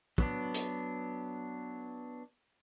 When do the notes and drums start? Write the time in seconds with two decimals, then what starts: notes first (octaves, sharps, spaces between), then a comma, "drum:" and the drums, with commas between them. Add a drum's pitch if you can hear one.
0.18 F#3 B3 D4, drum: kick
0.54 drum: hi-hat